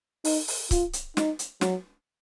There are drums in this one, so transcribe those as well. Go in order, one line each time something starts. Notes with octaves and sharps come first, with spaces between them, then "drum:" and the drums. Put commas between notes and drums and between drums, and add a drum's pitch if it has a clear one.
D#4, drum: open hi-hat
drum: open hi-hat
F4, drum: kick C#1, hi-hat
drum: hi-hat
D#4, drum: snare
drum: hi-hat
F#3, drum: snare